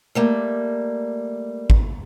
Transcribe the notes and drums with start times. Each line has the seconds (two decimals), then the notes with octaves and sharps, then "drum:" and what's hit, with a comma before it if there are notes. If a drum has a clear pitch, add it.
0.15 G3 A3 A#3
1.70 drum: kick